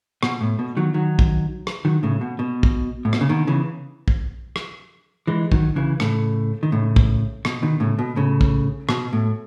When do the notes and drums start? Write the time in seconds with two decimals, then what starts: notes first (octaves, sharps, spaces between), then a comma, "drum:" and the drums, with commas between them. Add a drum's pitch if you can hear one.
0.23 B2, drum: rim click
0.41 A2
0.59 B2
0.77 D#3 F#3
0.94 D#3 F#3
1.19 drum: kick
1.67 drum: rim click
1.85 D#3 F#3
2.03 A2 C#3
2.21 B2
2.39 B2
2.63 drum: kick
3.05 A2
3.13 B2, drum: rim click
3.21 C#3
3.29 B2 D#3
3.47 C#3 E3
4.08 drum: kick
4.56 drum: rim click
5.27 E3 G#3
5.52 D#3 F#3, drum: kick
5.76 C#3 E3
6.00 A2 C#3, drum: rim click
6.63 D#3
6.72 A2 C#3
6.96 drum: kick
7.45 B2, drum: rim click
7.62 B2 D#3
7.80 A2 C#3
7.99 B2
8.16 A2 C#3
8.41 drum: kick
8.89 B2, drum: rim click
9.13 A2